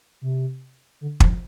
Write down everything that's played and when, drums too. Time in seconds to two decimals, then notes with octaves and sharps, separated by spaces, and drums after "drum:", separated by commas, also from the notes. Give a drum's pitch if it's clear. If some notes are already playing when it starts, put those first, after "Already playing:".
0.22 C3
1.01 D3
1.20 F3, drum: kick